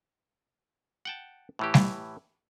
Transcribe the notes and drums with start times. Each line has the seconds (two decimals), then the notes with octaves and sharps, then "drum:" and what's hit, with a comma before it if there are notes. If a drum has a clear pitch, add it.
1.05 F#5 G5 A5
1.59 A2 E3 G4
1.74 drum: snare G3